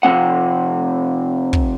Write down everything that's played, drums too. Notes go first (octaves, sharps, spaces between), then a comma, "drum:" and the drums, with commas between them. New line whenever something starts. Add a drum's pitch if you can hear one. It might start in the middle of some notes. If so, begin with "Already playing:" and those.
C3 F3 C4 F#5
drum: kick